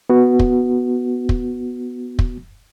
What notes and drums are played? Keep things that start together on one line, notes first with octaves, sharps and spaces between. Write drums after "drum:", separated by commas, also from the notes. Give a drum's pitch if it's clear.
B3 F#4
drum: kick
drum: kick
drum: kick